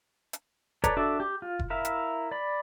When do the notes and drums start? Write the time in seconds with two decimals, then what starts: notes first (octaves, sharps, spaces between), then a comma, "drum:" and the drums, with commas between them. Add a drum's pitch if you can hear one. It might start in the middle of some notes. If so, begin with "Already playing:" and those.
0.33 drum: hi-hat
0.84 A4 B4 C#5 D5 A#5, drum: kick F1, hi-hat
0.97 D4 F#4 A4 D5 E5
1.20 G4
1.42 F4
1.59 drum: kick F1
1.70 E4 A#4 E5 F5
1.85 drum: hi-hat
2.31 D5 B5